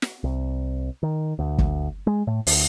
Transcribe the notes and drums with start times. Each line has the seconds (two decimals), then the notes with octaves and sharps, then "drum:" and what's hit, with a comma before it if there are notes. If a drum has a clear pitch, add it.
0.02 drum: snare
0.24 C2
1.03 D#3
1.39 D2
1.58 drum: kick
2.07 G#3
2.27 A2
2.47 D2, drum: open hi-hat